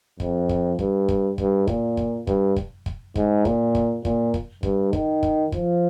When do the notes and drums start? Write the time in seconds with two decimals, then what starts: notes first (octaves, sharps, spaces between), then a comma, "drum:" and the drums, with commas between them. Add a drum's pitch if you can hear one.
0.20 F2, drum: kick
0.49 drum: kick
0.79 G2, drum: kick
1.09 drum: kick
1.38 G2, drum: kick
1.67 A#2, drum: kick
1.97 drum: kick
2.27 G2, drum: kick
2.56 drum: kick
2.86 drum: kick
3.16 G#2, drum: kick
3.45 A#2, drum: kick
3.75 drum: kick
4.05 A#2, drum: kick
4.34 drum: kick
4.63 G2, drum: kick
4.93 D#3, drum: kick
5.23 drum: kick
5.52 F3, drum: kick